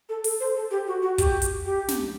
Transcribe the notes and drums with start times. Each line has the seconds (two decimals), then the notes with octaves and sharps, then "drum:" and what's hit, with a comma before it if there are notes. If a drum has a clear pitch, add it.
0.09 A4
0.24 A4, drum: open hi-hat
0.40 C5
0.56 A4
0.71 G4
0.87 F#4
1.02 F#4
1.18 G4, drum: kick, hi-hat
1.42 drum: hi-hat
1.65 G4
1.88 drum: snare